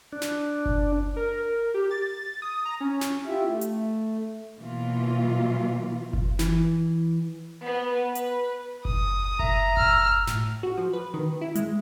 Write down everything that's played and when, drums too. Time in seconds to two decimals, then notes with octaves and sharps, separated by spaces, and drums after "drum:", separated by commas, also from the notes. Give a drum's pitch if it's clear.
0.12 D4
0.22 drum: snare
0.66 drum: kick F#1
1.16 A#4
1.74 G4
1.91 A6
2.42 D#6
2.65 A#5
2.80 C#4
3.01 drum: snare
3.26 E4 F4 G4 E5
3.47 A3
3.61 drum: hi-hat
4.58 B2 E3 F#3 A#3 F4
6.13 drum: kick F#1
6.39 E3, drum: snare
7.64 B3
8.15 B4, drum: hi-hat
8.85 D#6, drum: kick F#1
9.39 E5 A#5, drum: kick F#1
9.77 E6 F6, drum: kick F#1
10.27 A2, drum: snare
10.63 F#4
10.78 F3
10.93 B4
11.14 D#3
11.41 E4
11.55 G#3, drum: hi-hat